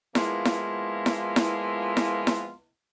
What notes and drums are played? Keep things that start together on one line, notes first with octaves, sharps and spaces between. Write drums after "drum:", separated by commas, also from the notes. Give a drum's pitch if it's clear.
F3 G#3 A#3 B3 E4 F4, drum: snare E4
drum: snare E4
drum: snare E4
drum: snare E4
drum: snare E4
drum: snare E4